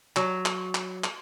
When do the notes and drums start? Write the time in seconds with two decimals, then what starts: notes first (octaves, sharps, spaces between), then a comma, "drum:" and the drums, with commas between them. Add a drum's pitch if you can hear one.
0.16 F#3, drum: clap
0.46 drum: clap
0.75 drum: clap
1.04 drum: clap